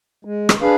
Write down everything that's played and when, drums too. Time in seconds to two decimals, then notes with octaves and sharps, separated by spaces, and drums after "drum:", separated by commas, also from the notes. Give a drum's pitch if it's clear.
0.25 G#3
0.49 drum: rim click
0.61 D4 G#4 B4 F5